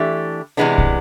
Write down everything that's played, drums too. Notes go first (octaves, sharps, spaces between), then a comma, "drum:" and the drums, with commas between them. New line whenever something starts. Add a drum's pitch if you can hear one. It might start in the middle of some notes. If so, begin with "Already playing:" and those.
Already playing: E3 A3 D4 G4
C3 E3 G#3 B3 D4
drum: kick